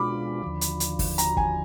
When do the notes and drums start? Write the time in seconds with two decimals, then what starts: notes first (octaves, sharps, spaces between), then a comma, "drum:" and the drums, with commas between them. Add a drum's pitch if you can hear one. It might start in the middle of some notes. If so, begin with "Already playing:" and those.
Already playing: B2 G#3 D4 F4 B5 D6
0.43 D#2 D3 F3
0.61 drum: hi-hat
0.80 drum: hi-hat
0.99 drum: kick, open hi-hat
1.18 A#5, drum: hi-hat
1.37 G#5, drum: kick